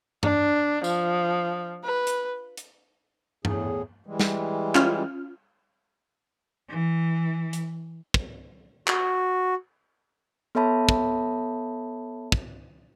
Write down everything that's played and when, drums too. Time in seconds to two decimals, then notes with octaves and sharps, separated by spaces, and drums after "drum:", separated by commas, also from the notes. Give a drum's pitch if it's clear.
0.23 D4, drum: tom G2
0.84 F3, drum: tambourine
1.84 B4
2.07 drum: hi-hat
2.57 drum: hi-hat
3.45 E2 A2 G#4, drum: tom G2
4.07 E3 G3 G#3
4.20 drum: snare
4.75 C#4 F4 F6, drum: clap
6.69 E3
7.53 drum: hi-hat
8.14 drum: kick
8.87 F#4, drum: clap
10.55 B3 A4 C#5 E5 A5 B5
10.89 drum: kick
12.32 drum: kick